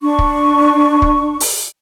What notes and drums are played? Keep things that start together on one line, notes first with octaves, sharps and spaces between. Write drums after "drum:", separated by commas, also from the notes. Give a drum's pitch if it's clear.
D4 C#6
drum: kick
drum: kick
drum: open hi-hat